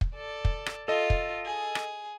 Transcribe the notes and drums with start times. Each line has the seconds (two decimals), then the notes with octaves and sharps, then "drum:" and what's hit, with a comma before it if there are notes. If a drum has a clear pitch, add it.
0.01 drum: kick
0.15 A4 D5
0.45 drum: kick
0.66 drum: rim click
0.88 F4 A4 D#5
1.10 drum: kick
1.46 G#4
1.75 drum: rim click